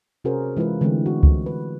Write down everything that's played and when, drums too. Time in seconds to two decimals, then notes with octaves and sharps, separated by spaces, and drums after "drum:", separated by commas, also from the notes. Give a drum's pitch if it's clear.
0.24 C3 C#4 F#4 G#4 A#4 C5
0.57 E3 G#3 E4 F4 B4
0.81 D3 E3 G#3 A3 C4
1.06 F#4
1.23 drum: kick C#2
1.46 B4